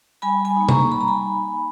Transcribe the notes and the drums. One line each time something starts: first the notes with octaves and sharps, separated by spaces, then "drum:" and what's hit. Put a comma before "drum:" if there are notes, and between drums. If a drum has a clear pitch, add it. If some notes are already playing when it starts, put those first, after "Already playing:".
G3 G#5 B5
G#5 B5
A#3 D#4
A#5 C#6, drum: tom
G3 B5
A#5
G#5 B5
A#3 D#4